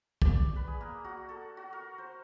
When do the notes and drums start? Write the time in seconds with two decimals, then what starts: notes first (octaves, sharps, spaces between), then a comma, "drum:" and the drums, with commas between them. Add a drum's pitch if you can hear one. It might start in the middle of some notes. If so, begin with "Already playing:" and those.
0.22 D5, drum: kick
0.56 B4
0.67 G#4
0.81 A#3
1.04 F#4
1.29 A4
1.57 F#4
1.73 A#4
1.98 C5